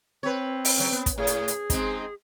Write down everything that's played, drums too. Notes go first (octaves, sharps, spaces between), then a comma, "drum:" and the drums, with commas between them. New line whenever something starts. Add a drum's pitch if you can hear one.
C4 B4 C#5
drum: open hi-hat
C#3 F#3
B3
drum: kick, hi-hat
A2 G#4
drum: hi-hat
drum: hi-hat
G#3 C4 D#4, drum: kick, hi-hat